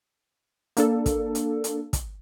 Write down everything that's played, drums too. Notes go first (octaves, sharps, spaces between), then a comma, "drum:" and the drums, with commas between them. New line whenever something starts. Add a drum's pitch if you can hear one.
A#3 D4 A4, drum: hi-hat
drum: kick, hi-hat
drum: hi-hat
drum: hi-hat
drum: kick, hi-hat